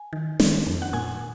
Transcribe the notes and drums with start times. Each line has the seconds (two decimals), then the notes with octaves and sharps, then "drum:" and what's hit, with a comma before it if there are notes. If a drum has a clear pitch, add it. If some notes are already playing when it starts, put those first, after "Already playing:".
Already playing: G#5
0.13 D#3
0.40 D#3, drum: snare
0.66 F2
0.82 F#5
0.93 A#2 G#5